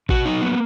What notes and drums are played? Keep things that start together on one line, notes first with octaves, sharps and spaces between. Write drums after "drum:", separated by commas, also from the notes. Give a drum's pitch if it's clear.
B2 F#4, drum: kick A1
F#3 D#4
A#3 B3